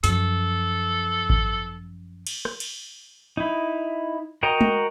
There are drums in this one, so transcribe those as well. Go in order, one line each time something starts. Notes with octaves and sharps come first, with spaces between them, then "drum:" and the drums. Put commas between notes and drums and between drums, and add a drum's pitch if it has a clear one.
F#2 F3 A4, drum: hi-hat
drum: kick G#1
drum: cymbal
drum: rim click
drum: cymbal
D#4 E4
F#4 A#4 D#5 G5 A#5
drum: tom G#3